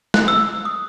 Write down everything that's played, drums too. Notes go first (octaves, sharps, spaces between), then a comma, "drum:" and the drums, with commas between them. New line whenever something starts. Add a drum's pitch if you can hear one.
F#6, drum: snare
E6
D#6